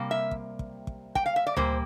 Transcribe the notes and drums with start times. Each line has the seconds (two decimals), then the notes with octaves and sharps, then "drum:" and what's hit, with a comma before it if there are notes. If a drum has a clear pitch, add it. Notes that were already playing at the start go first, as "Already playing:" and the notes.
Already playing: C3 G3 A#3
0.11 E5
0.31 drum: kick
0.59 drum: kick
0.87 drum: kick
1.15 G5, drum: kick
1.26 F5
1.36 E5
1.46 D5
1.56 A#2 G3 A#3 C5, drum: tom D2